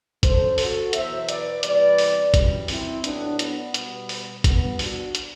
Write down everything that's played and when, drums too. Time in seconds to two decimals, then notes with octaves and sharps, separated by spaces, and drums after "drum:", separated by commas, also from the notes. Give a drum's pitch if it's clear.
0.23 F#2 D3 F#3 A4 C5, drum: kick G1, hi-hat
0.58 F#4 A4, drum: open hi-hat
0.93 E2 B2 F#3 C5 E5, drum: hi-hat
1.29 B4 D5, drum: hi-hat
1.63 E2 C3 G3 B4 D5, drum: hi-hat
1.98 drum: open hi-hat
2.34 F#2 E3 G3, drum: kick G1, hi-hat
2.68 C4 E4, drum: open hi-hat
3.04 A2 F#3 B3 D4, drum: hi-hat
3.39 B3, drum: hi-hat
3.74 B2 G3, drum: hi-hat
4.09 drum: open hi-hat
4.44 G2 E3 G3 B3, drum: kick G1, hi-hat
4.79 D4 F#4, drum: open hi-hat
5.15 drum: hi-hat